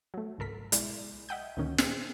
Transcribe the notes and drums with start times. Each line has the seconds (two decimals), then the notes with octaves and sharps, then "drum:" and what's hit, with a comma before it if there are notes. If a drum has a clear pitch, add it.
0.14 F#3 A3
0.38 G#1 C#2 A4 A#4 B6
0.72 B1 G#3 E4 D5, drum: hi-hat
1.29 D#5 E5 F#5 G5 D#6 G6
1.57 D2 A#2 D#3 C#4
1.78 G#4 C5, drum: snare